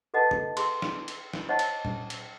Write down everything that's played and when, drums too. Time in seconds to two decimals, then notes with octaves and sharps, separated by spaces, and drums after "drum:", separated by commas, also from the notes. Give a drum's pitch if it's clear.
0.14 A4 B4 D#5 F#5 A5
0.31 drum: tom C#3
0.57 G#4 C6, drum: cymbal
0.82 drum: snare
1.08 drum: cymbal
1.33 drum: snare
1.49 C5 C#5 D#5 F#5 A5
1.59 drum: cymbal
1.85 drum: tom A#2
2.10 drum: cymbal